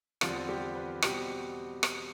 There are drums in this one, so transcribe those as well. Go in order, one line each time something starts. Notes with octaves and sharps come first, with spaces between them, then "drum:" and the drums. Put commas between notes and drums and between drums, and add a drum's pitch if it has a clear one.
E2 D3 F3 G3 C4 F4, drum: rim click
G3 G4
B3 B4
B2 G3 C4 G4, drum: rim click
drum: rim click